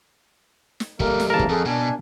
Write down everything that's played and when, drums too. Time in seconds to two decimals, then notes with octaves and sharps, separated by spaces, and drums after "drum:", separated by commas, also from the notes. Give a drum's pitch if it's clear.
0.80 drum: snare
1.00 G3 A3 A#3 A#4, drum: kick
1.20 drum: snare
1.30 C#3 E3 A#3 A#4 A5
1.39 drum: kick
1.49 F2 G#4 A4
1.65 B2 D4 G#5